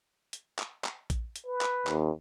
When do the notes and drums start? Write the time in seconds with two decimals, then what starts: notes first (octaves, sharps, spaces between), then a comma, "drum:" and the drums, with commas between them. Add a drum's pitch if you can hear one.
0.33 drum: hi-hat
0.59 drum: clap
0.84 drum: clap
1.10 drum: kick A#1, hi-hat
1.36 drum: hi-hat
1.47 B4
1.61 drum: clap
1.87 D#2, drum: clap